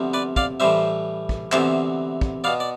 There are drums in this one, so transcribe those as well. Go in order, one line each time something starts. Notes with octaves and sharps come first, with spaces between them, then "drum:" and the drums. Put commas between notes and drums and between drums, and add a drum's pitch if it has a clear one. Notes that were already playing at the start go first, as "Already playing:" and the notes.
Already playing: D2 C3 F3 B3
B4 D5
D5 F5, drum: kick
A2 E3 G3 C5 E5
drum: kick
D2 C3 E3 B3 C5 E5, drum: clap
drum: kick
B2 B3 D5 F5
D5